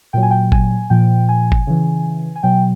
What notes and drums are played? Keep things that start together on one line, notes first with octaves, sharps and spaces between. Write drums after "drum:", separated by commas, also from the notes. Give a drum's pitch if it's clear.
A#2 F#3 G5
G#5
G5
G#5, drum: kick G1
A#2 F3 G5
G#5
drum: kick G1
C#3 E3
G#5
B2 F#3 G5